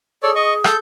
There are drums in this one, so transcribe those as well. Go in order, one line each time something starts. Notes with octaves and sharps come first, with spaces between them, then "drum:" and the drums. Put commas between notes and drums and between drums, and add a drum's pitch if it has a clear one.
G#4 A4 C#5 D5
D#5 C#6
A4 G6, drum: rim click